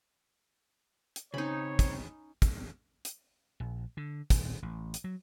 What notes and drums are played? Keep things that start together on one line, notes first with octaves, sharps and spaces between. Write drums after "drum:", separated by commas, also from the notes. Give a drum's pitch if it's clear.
drum: hi-hat
C#3 C4 C#4 D#4 C#5 B5
drum: kick, hi-hat
drum: kick, hi-hat
drum: hi-hat
A#1
D3
D#1, drum: kick, hi-hat
A1
drum: hi-hat
F#3